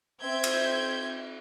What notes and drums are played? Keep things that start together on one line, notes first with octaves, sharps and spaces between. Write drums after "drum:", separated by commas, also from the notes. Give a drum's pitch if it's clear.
C4 E5 G6 G#6
drum: cymbal